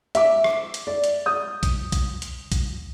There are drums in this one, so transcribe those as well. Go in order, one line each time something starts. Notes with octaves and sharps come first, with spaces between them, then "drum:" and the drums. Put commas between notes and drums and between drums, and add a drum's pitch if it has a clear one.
E5 D6, drum: hi-hat
drum: rim click
drum: hi-hat
D5
drum: hi-hat
D#6 G6
drum: kick B1, hi-hat
drum: kick B1, hi-hat
drum: hi-hat
drum: kick B1, hi-hat